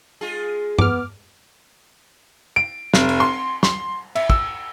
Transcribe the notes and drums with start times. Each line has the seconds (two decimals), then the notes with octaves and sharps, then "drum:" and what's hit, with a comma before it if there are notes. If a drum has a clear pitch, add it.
0.21 G#3 F4 G#4
0.79 B3 D6 F6, drum: tom G2
2.56 D7
2.94 F1, drum: snare
3.09 drum: cymbal
3.20 C6
3.63 C6, drum: snare
4.15 E5, drum: cymbal
4.30 E6, drum: kick